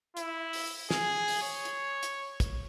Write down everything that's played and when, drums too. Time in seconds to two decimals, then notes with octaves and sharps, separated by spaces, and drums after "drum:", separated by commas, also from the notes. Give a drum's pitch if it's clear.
0.17 E4, drum: hi-hat
0.53 drum: open hi-hat
0.90 G#4, drum: snare
1.28 drum: open hi-hat
1.42 C#5
1.65 drum: hi-hat
2.03 drum: hi-hat
2.40 drum: kick, hi-hat